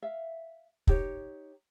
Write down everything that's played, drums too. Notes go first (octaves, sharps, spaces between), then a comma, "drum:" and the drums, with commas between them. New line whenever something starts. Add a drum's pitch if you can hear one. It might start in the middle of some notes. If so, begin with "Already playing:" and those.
E5 F5
D#4 G4 C#5, drum: kick